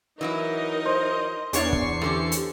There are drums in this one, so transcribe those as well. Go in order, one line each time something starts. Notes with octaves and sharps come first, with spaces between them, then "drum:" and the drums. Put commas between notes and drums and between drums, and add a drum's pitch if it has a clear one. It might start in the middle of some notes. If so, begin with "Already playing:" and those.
E3 F#3 D#4 E4 A#4 D#5
C5
E2 D4 C#5 D5 C#6 C7, drum: hi-hat
drum: kick
A2 D3 C#4 G4 A4
drum: hi-hat